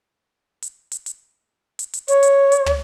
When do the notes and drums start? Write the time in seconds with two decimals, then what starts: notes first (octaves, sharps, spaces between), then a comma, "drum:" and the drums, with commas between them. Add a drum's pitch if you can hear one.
0.62 drum: hi-hat
0.92 drum: hi-hat
1.06 drum: hi-hat
1.79 drum: hi-hat
1.93 drum: hi-hat
2.08 C#5, drum: hi-hat
2.23 drum: hi-hat
2.52 drum: hi-hat
2.66 drum: tom